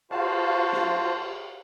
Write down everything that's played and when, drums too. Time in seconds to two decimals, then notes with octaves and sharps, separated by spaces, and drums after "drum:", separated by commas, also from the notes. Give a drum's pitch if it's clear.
0.11 F4 F#4 C5 F5 A5, drum: cymbal
0.72 drum: snare